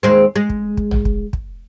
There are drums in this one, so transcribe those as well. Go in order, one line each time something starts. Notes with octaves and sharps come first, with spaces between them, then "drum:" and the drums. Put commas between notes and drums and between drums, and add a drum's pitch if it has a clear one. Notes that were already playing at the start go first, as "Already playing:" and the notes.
D#2 G#3 C4
G#3
drum: kick
drum: kick
drum: tom
drum: kick
drum: kick